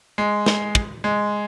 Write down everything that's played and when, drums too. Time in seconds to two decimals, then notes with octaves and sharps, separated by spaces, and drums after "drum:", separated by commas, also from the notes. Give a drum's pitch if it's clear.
0.18 G#3
0.46 drum: snare
0.75 drum: kick
1.04 G#3